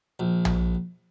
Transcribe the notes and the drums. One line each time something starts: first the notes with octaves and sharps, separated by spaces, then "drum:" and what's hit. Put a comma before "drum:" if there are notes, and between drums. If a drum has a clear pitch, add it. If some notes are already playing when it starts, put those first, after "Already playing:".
A#1
drum: tom A#1